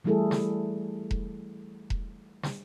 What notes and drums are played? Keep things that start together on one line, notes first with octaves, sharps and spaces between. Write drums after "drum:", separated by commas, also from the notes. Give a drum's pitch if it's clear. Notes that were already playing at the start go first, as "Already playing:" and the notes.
E3 G3 A3 E4 G#4 A4
drum: snare
drum: kick E1
drum: kick E1
drum: snare